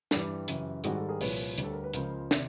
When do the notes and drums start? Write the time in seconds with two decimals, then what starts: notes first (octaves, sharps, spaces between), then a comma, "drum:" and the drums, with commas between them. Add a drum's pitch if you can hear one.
0.11 G2 E3 G3 G4, drum: snare
0.48 F#2 C#3 E3, drum: hi-hat
0.84 G#2 D#3 G3 F#4 G#4, drum: hi-hat
0.96 G4 A4
1.08 G#4 A#4
1.21 C2 A#2 F3 B4 C#5, drum: open hi-hat
1.58 D2 D3 G3, drum: hi-hat
1.63 A4
1.73 A#4
1.84 B4
1.94 C#2 C#3 F3 A#4 C5, drum: hi-hat
2.31 C3 D#3, drum: snare